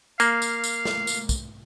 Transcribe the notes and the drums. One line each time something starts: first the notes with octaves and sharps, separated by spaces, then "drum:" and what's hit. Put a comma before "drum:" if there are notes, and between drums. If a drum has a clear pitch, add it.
A#3 F5, drum: tambourine
drum: tambourine
drum: tambourine
drum: snare
drum: tambourine
drum: kick, tambourine